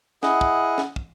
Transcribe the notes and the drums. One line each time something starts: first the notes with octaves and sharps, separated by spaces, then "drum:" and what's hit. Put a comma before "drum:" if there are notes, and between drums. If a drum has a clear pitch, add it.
E4 G#4 D#5 F#5, drum: snare
drum: kick
drum: snare
drum: kick